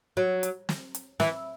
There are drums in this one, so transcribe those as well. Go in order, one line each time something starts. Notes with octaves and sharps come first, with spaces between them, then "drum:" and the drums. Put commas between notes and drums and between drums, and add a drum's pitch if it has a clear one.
F#3
drum: hi-hat
drum: snare
drum: hi-hat
E3, drum: snare